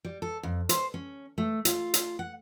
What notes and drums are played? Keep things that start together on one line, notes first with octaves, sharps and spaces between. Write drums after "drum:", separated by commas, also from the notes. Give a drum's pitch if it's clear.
G3
A4
F2
C5, drum: hi-hat
C#4
A3
F4, drum: hi-hat
drum: hi-hat
F#5